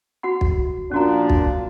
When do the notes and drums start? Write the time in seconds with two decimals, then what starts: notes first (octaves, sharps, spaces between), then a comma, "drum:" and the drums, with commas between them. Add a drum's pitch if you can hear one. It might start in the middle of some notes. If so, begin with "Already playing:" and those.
0.23 F#4 F#5 B5
0.41 drum: kick
0.91 A#2 F3 C#4 D4 F#4 A#5
1.30 drum: kick